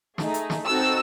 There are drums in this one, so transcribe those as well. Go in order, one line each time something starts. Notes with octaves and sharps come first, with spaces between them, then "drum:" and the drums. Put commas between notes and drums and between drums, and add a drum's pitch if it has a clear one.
A3 D#4 G#4, drum: snare
drum: hi-hat
drum: snare
C4 D#4 F#4 A4 E6